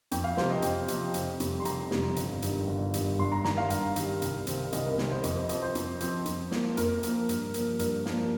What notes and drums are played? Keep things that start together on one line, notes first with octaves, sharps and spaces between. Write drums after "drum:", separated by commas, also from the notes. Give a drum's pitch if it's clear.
F2 G5, drum: hi-hat
F5
C3 F3 C5, drum: snare
D#5
F2 G5, drum: hi-hat
C3 F3, drum: hi-hat
F1, drum: hi-hat
F2 C3 G3, drum: hi-hat
C6
F1 A#5, drum: hi-hat
F2 C3 G3, drum: snare
G1, drum: hi-hat
G2 D#3 G3, drum: hi-hat
G1
G2 D#3 G3, drum: hi-hat
G2 C6
A#5
D#3 G3 A#5, drum: snare
F5
G2 F5, drum: hi-hat
D#3 G3, drum: hi-hat
C2, drum: hi-hat
C3 D#3 C4, drum: hi-hat
C2 D#5, drum: hi-hat
A#4
C3 D#3 C4 A#4, drum: snare
C5
F2 D#5, drum: hi-hat
C5
F3 C4 D#5, drum: hi-hat
C5
F2, drum: hi-hat
F3 C4, drum: hi-hat
F2, drum: hi-hat
F3 A#3, drum: snare
F2 A#4, drum: hi-hat
F3 A#3, drum: hi-hat
G2, drum: hi-hat
F3 A#3, drum: hi-hat
G2 A#4, drum: hi-hat
F3 A#3, drum: snare